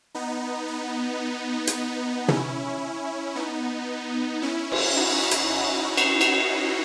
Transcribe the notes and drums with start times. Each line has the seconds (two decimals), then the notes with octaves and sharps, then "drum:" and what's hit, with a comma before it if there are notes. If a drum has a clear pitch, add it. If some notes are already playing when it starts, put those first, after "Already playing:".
0.15 B3 D#4
0.68 B3 D#4
1.67 drum: hi-hat
2.28 C#4 E4, drum: tom
3.35 B3 D#4
4.42 C#4 E4
4.72 drum: cymbal
4.96 D#4 F#4
5.31 drum: hi-hat
5.97 drum: cymbal
6.21 drum: cymbal